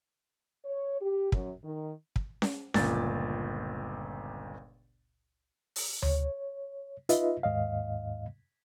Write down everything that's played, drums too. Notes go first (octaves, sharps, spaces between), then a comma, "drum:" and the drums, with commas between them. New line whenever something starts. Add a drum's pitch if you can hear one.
C#5
G4
F#2, drum: kick
D#3
drum: kick
drum: snare C#4
G1 C#2 A#2 A6, drum: snare C#4
drum: open hi-hat
C#5, drum: tom D2
D#4 F4 B4 D#5 E5, drum: hi-hat
D#2 G#2 D#5 F5